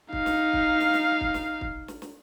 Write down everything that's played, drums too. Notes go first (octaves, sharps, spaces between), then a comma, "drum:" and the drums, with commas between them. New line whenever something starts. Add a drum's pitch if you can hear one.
D#4 F5, drum: kick
drum: snare
drum: kick
drum: snare
drum: snare
drum: kick
drum: snare
drum: kick
drum: snare
drum: snare